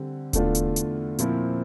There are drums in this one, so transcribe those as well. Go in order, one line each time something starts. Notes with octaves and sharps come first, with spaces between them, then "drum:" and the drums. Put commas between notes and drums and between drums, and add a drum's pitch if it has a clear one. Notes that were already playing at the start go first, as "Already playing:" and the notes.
Already playing: D3 G3 C4
E2 D3 A3 D4 F4, drum: kick D#1, hi-hat
drum: hi-hat
drum: hi-hat
A#2 F3 C4 E4, drum: hi-hat